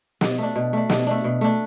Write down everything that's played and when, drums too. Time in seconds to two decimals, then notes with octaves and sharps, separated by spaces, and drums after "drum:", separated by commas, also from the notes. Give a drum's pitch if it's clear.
0.21 B2, drum: snare
0.38 A3 D4
0.56 B2
0.73 A3 D4
0.90 B2, drum: snare
1.07 A3 D4
1.24 B2
1.41 A3 D4